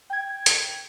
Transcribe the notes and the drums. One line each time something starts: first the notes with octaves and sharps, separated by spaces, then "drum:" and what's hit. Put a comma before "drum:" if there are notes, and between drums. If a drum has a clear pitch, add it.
G5 G#6
drum: hi-hat